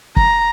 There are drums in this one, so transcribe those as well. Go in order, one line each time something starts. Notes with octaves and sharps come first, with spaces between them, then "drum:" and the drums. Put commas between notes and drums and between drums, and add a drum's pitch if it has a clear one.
A#5, drum: kick